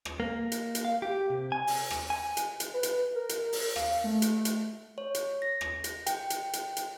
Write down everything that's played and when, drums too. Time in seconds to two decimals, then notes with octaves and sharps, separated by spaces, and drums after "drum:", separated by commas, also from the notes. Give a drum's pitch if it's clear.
0.05 drum: rim click
0.20 A#3
0.52 drum: hi-hat
0.75 drum: hi-hat
0.85 F5
1.02 G4
1.30 C3
1.52 G#5
1.67 drum: open hi-hat
1.90 drum: rim click
2.10 G#5
2.37 drum: hi-hat
2.60 drum: hi-hat
2.74 B4
2.83 drum: hi-hat
3.15 A#4
3.29 drum: hi-hat
3.52 drum: open hi-hat
3.76 F5, drum: rim click
4.04 A3
4.22 drum: hi-hat
4.45 drum: hi-hat
4.98 C#5
5.15 drum: hi-hat
5.42 A#6
5.61 drum: rim click
5.84 drum: hi-hat
6.06 G5, drum: hi-hat
6.30 drum: hi-hat
6.53 drum: hi-hat
6.77 drum: hi-hat